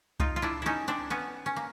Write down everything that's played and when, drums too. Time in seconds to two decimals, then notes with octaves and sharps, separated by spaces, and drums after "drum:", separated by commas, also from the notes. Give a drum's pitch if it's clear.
0.20 D#4 F4, drum: kick C2
0.36 F4
0.42 D4 E4
0.62 C#4 D#4 E4
0.88 C4 D4
1.10 B3 C#4
1.46 C#4
1.56 A#3